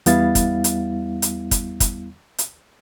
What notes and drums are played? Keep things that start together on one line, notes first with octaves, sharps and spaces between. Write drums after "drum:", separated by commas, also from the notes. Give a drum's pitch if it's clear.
E2 G3 B3 E4 F5 A6, drum: hi-hat
drum: kick, hi-hat
drum: hi-hat
drum: hi-hat
drum: kick, hi-hat
drum: kick, hi-hat
drum: hi-hat